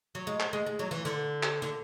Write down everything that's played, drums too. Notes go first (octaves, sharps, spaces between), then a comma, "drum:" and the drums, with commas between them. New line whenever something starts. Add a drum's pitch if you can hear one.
F#3
G#3
drum: clap
G#3
G#3
F#3
E3
D3
drum: clap
D3